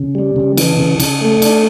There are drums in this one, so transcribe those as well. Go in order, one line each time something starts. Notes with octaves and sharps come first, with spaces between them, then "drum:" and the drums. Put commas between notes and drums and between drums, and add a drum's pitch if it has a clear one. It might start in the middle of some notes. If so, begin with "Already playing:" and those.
Already playing: C#3
G3
C#3
E3, drum: cymbal
C#3
C#3, drum: cymbal
A3
D4, drum: cymbal